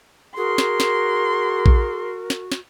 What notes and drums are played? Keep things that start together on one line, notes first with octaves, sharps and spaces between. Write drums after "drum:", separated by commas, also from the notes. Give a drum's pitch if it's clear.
F#4 G#4 A#4 C6
drum: snare
drum: snare
drum: kick
drum: snare
drum: snare